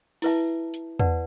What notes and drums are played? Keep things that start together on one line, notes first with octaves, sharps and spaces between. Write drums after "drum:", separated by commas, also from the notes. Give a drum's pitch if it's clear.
E4 B4 E5 A5, drum: open hi-hat
drum: hi-hat
B4 D5 F#5 A5, drum: tom E2